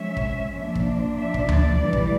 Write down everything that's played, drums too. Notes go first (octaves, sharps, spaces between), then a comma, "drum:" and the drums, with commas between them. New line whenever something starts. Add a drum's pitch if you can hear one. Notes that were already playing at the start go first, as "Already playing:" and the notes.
Already playing: F3 G#3 C#4 E5
drum: kick
F3 A#3 D4
drum: kick
E5
drum: kick
D5, drum: tom D2
A2 E3 G3
drum: kick